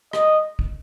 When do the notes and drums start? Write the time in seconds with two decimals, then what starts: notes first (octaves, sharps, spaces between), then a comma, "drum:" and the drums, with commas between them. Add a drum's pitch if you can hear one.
0.13 D#5, drum: rim click
0.59 drum: kick